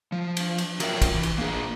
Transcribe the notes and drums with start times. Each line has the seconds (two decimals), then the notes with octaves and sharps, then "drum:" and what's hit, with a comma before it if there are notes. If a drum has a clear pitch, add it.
0.12 F3
0.37 drum: cymbal
0.58 drum: cymbal
0.80 F#3 F4 A#4 D5 E5 G5, drum: cymbal
1.02 drum: kick, cymbal
1.14 E3
1.23 drum: cymbal
1.38 A#3 D4 G#4